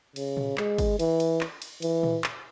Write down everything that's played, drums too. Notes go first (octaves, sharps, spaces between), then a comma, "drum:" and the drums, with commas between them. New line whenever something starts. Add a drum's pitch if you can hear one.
C#3, drum: cymbal
drum: tom A#2
G#3, drum: clap
drum: kick, cymbal
E3, drum: cymbal
drum: cymbal
drum: clap
drum: cymbal
E3, drum: cymbal
drum: tom A#2
drum: clap